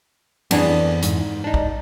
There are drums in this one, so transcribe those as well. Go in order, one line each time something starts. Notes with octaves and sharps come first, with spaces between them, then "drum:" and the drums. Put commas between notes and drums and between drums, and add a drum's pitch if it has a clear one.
F2 E3 B3 D4 G#4, drum: cymbal
G#2, drum: hi-hat
D4 D#4
drum: kick